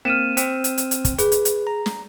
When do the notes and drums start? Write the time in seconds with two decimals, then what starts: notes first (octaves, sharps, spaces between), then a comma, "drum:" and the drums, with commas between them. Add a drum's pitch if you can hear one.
0.05 A#3 C4 F6 D#7 E7
0.37 C4, drum: hi-hat
0.64 drum: hi-hat
0.78 drum: hi-hat
0.91 drum: hi-hat
1.05 drum: kick, hi-hat
1.19 G#4 B4, drum: hi-hat
1.32 drum: hi-hat
1.45 drum: hi-hat
1.67 A#5
1.86 drum: snare